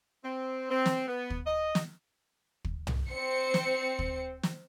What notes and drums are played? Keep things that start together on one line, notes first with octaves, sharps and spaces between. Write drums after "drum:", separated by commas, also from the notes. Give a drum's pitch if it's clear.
C4
C4
drum: snare
B3
drum: kick
D#5
drum: snare
drum: kick
drum: tom
C4 C5 C#7
drum: snare
drum: kick
drum: snare